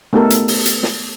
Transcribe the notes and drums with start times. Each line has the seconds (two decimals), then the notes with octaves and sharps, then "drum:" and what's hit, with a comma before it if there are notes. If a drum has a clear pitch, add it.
0.13 A3 B3 D#4 G4 A4 A#4
0.30 drum: hi-hat
0.48 drum: open hi-hat
0.66 drum: hi-hat
0.83 drum: snare